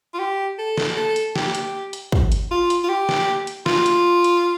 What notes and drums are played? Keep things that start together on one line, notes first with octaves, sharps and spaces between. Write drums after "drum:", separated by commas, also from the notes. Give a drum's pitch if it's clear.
F4
G4
A4
drum: snare
A4
drum: hi-hat
G4, drum: snare
drum: hi-hat
drum: hi-hat
drum: kick
drum: hi-hat
F4
drum: hi-hat
F4
G4
drum: snare
drum: hi-hat
F4, drum: snare
drum: hi-hat
drum: hi-hat